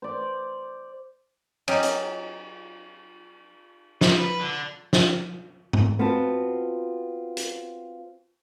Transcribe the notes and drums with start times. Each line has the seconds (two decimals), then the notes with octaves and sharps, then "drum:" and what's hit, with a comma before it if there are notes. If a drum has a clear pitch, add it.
0.02 C5 D5
1.68 F#3 C#4 D#4 G4, drum: cymbal
1.83 drum: hi-hat
4.01 G3 D#4, drum: snare
4.18 B4
4.40 D3
4.93 drum: snare
5.73 drum: tom
5.99 B3 C4 F4 F#4 A5
7.37 drum: hi-hat